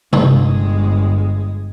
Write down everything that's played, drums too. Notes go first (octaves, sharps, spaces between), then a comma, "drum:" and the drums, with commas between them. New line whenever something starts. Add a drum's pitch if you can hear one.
G1 G#3, drum: tom C3